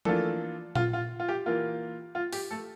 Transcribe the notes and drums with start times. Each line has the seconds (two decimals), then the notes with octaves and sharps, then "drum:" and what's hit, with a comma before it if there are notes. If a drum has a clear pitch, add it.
0.05 E3 A3 A#3 D4 F4 A4, drum: tom F3
0.75 F4, drum: tom A#2
0.93 F4
1.20 F4
1.29 G4
1.46 E3 A#3 F4
2.15 F4
2.33 G4, drum: open hi-hat
2.51 A3 A4